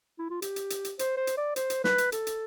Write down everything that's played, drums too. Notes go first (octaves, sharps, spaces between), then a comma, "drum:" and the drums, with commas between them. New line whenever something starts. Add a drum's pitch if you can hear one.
E4
F4
G4, drum: hi-hat
drum: hi-hat
drum: hi-hat
drum: hi-hat
C5, drum: hi-hat
C5
drum: hi-hat
D5
C5, drum: hi-hat
drum: hi-hat
B4, drum: snare
drum: hi-hat
A4, drum: hi-hat
drum: hi-hat